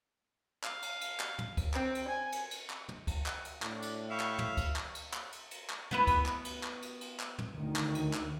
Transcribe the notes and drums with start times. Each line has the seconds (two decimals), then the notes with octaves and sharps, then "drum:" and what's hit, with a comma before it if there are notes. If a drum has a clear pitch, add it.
0.64 F5, drum: clap
0.82 drum: cymbal
1.01 drum: cymbal
1.20 drum: clap
1.39 drum: tom
1.57 drum: kick C#2, cymbal
1.74 C4, drum: clap
1.95 drum: cymbal
2.08 G#5
2.32 drum: cymbal
2.51 drum: cymbal
2.70 drum: clap
2.89 drum: tom
3.07 drum: kick C#2, cymbal
3.26 drum: clap
3.45 drum: cymbal
3.62 A2 D4, drum: clap
3.82 drum: cymbal
4.10 E5 F5 G5 B5 C#6
4.20 drum: clap
4.39 drum: tom
4.57 drum: kick C#2, cymbal
4.76 drum: clap
4.95 drum: cymbal
5.13 drum: clap
5.32 drum: cymbal
5.51 drum: cymbal
5.70 drum: clap
5.91 B3 E4 B4, drum: tom
6.07 drum: kick C#2, cymbal
6.26 drum: clap
6.45 drum: cymbal
6.63 drum: clap
6.82 drum: cymbal
7.01 drum: cymbal
7.20 drum: clap
7.38 drum: tom
7.54 D2 D#3
7.76 drum: clap
7.95 drum: cymbal
8.13 drum: clap